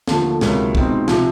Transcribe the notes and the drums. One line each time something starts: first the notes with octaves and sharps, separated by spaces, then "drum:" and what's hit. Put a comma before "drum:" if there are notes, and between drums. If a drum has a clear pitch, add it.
D#2 D3 F3 A3, drum: snare
C#2 C3 D#3 F#3 A#3, drum: snare
B2 G#3 C4 D#4, drum: kick
C3 F3, drum: snare